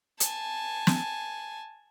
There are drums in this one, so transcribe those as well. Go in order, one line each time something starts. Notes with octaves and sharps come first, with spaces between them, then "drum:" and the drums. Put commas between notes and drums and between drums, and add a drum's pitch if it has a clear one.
G#5 A5, drum: hi-hat
drum: snare